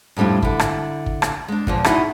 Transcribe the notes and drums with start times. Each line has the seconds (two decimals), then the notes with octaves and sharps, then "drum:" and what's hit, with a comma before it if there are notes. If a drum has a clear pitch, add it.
0.17 F2 A2 G3 D4 F4
0.42 D3 E4, drum: kick
0.59 drum: rim click
1.06 drum: kick
1.22 drum: rim click
1.48 G#3 D4
1.67 E2 A#2 F3, drum: kick
1.84 D#4 E4 F#4 G#4, drum: rim click